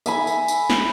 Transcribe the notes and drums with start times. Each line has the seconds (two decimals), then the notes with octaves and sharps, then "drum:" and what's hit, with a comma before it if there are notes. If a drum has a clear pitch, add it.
0.06 E5 G#5 B5, drum: tambourine
0.27 drum: tambourine
0.48 drum: tambourine
0.70 drum: snare